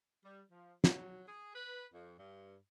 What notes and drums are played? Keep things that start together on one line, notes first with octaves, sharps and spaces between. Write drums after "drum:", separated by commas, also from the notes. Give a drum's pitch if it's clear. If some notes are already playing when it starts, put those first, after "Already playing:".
G3
F3
F#3, drum: snare
G#4
B4
F2
G2